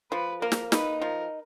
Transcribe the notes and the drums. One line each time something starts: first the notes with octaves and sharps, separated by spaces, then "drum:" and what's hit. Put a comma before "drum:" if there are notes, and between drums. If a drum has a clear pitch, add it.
F3 B4
A#3 A#4
drum: snare
D#4 B4, drum: snare
F3 A#4